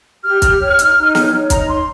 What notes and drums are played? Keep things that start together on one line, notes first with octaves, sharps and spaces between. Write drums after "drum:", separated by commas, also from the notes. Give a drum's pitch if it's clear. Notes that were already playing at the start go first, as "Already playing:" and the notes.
G4 F6
G4, drum: kick, hi-hat
C#5
D#4, drum: hi-hat
D#4
C#5, drum: snare
D#4
D#4 A#5, drum: kick, hi-hat
C#5 C6